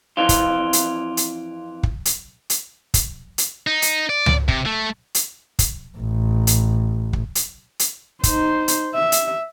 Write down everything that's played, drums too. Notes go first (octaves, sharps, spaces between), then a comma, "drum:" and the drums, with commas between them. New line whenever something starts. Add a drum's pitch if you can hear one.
F2 E3 C4 F4
drum: kick, hi-hat
drum: hi-hat
drum: hi-hat
drum: kick
drum: hi-hat
drum: hi-hat
drum: kick, hi-hat
drum: hi-hat
D#4
drum: hi-hat
D5
drum: tom C#2
C3, drum: kick
A3
drum: hi-hat
drum: kick, hi-hat
A1
drum: hi-hat
drum: kick
drum: hi-hat
drum: hi-hat
D#4 C5, drum: kick, hi-hat
drum: hi-hat
E5
drum: hi-hat